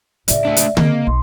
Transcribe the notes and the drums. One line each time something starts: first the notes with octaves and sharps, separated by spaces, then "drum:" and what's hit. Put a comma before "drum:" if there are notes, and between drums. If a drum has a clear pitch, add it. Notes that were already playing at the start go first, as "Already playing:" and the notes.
A2 C#3 D5 E5, drum: hi-hat
A3 D4
drum: hi-hat
C#3 A#3 C4 D#5, drum: tom D3
B1 C6